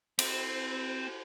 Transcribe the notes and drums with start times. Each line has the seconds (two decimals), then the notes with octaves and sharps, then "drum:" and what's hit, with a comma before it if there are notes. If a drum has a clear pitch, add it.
0.19 C4, drum: cymbal